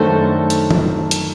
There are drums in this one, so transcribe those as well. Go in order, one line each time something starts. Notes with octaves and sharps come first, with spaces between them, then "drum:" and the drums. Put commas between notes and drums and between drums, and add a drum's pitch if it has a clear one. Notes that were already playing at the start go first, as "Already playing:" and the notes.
Already playing: F#2 D#3 A3 D4 F#4 A4 C5
drum: hi-hat
drum: tom
drum: hi-hat